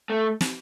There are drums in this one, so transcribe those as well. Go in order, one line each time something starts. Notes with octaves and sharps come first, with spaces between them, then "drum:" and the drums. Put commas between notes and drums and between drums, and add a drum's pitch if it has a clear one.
A3
drum: snare